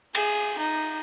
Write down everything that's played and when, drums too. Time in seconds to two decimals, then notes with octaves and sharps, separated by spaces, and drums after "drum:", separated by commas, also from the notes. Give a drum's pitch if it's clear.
0.15 G#4, drum: cymbal
0.58 D#4